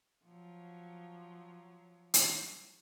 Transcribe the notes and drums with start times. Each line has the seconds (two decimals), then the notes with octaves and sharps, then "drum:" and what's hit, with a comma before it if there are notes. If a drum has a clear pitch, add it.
0.24 F3 F#3
2.14 drum: hi-hat